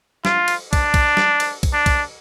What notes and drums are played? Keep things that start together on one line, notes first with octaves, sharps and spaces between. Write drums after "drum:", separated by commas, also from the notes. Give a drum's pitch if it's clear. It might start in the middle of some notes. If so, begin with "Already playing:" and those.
F4, drum: snare
drum: cymbal
D4, drum: kick, cymbal
drum: kick, cymbal
drum: snare
drum: cymbal
drum: kick, cymbal
D4
drum: kick, cymbal